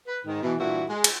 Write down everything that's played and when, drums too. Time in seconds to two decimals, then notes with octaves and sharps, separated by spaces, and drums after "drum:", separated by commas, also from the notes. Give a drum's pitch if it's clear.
0.08 B4
0.26 G#2 D#3
0.42 B2 E3
0.59 G2 A#2 E3 E4 F#4
0.89 G#3
1.04 drum: cymbal